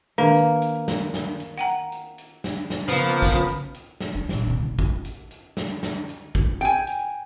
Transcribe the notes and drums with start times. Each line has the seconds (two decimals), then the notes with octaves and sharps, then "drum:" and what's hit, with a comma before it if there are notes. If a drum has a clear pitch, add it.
0.18 D#3 A#3 D4 B4
0.36 drum: hi-hat
0.62 drum: hi-hat
0.88 drum: snare
1.14 drum: snare
1.40 drum: hi-hat
1.58 F#5 G5 A#5
1.92 drum: hi-hat
2.18 drum: hi-hat
2.44 drum: snare
2.70 drum: snare
2.88 C#3 F3 A#3 B3 B4
3.22 drum: kick, hi-hat
3.48 drum: hi-hat
3.74 drum: hi-hat
4.00 drum: snare
4.15 G#3
4.29 A#1, drum: snare
4.47 B2 D3
4.63 G1
4.79 drum: kick
5.05 drum: hi-hat
5.31 drum: hi-hat
5.57 drum: snare
5.83 drum: snare
6.09 drum: hi-hat
6.35 drum: kick, hi-hat
6.61 G5 G#5, drum: hi-hat
6.87 drum: hi-hat